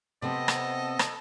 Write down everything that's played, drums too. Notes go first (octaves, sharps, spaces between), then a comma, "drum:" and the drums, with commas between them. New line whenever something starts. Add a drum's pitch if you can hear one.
C3 B3 C4 A4 D#5
drum: rim click
drum: rim click